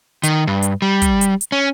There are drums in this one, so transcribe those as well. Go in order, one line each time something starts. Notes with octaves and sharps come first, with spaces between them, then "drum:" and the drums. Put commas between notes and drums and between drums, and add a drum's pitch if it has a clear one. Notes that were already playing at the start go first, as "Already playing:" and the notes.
D#3, drum: hi-hat
G2
drum: hi-hat
G3
drum: kick, hi-hat
drum: hi-hat
drum: hi-hat
C#4